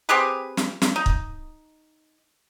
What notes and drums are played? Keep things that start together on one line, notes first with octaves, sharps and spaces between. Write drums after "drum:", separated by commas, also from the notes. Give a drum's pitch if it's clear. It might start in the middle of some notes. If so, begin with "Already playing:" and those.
C4 G4 G#4 B4
drum: snare
drum: snare
D#4
drum: kick